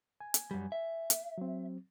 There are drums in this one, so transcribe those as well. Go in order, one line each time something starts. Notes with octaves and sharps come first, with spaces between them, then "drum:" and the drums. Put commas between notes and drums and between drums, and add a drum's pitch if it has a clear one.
G#5
drum: hi-hat
F#2 G3
E5
drum: hi-hat
F#3 C4